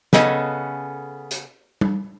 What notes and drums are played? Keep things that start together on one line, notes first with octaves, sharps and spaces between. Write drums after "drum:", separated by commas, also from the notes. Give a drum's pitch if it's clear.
C#3 B3 C#4 A4 D#5, drum: snare
drum: hi-hat
drum: tom